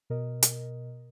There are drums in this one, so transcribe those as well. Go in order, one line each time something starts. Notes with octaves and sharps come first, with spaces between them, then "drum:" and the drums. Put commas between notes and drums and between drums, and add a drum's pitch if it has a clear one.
B2 A#4 D#5
drum: hi-hat